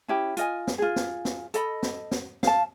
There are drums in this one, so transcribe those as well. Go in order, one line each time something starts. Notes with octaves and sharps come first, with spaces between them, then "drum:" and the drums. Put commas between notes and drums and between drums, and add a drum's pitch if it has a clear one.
C#4 E4 G4
F4 D#5 G#5, drum: hi-hat
drum: snare
F4 G#4
drum: snare
drum: snare
A4 D#5 B5, drum: hi-hat
drum: snare
drum: snare
F5 A5, drum: snare